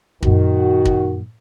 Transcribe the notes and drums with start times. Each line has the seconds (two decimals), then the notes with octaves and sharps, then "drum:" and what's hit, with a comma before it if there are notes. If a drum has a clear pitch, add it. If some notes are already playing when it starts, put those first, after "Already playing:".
0.23 F#2 A#2 D#3 F#4, drum: kick
0.85 drum: kick